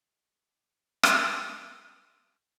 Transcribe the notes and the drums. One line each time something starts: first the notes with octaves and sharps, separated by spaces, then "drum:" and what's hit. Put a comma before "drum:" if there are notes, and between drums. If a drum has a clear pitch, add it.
G#3
G4
drum: rim click
C6